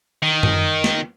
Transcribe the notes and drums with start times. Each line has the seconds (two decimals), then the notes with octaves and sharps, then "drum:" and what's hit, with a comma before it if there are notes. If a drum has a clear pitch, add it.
0.23 D#3
0.43 drum: tom F#2
0.84 drum: snare